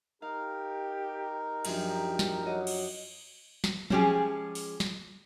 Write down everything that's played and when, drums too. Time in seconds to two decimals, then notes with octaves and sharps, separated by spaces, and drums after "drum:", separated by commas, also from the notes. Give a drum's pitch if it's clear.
0.22 D#4 G4 A#4 F5
1.65 F#2 F3 D4 G4, drum: cymbal
2.19 drum: snare
2.45 F#3 F#4 D#5 D6
2.67 drum: cymbal
3.64 drum: snare
3.90 F3 G#3 C#4 G4 G#4, drum: tom F3
4.55 drum: open hi-hat
4.80 drum: snare